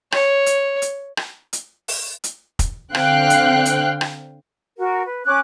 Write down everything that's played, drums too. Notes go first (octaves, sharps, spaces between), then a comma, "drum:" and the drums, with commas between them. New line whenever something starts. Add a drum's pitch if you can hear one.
C#5, drum: rim click
drum: hi-hat
drum: hi-hat
drum: rim click
drum: hi-hat
drum: open hi-hat
drum: hi-hat
drum: kick, hi-hat
D3 C4 F5 G5 F#6, drum: rim click
drum: hi-hat
drum: hi-hat
drum: rim click
F#4 A#4
B4
C#4 D6 F#6